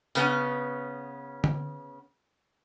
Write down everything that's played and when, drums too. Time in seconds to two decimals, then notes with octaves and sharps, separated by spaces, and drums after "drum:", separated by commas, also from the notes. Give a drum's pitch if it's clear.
0.15 C#3 B3 C#4, drum: tambourine
1.44 drum: tom D3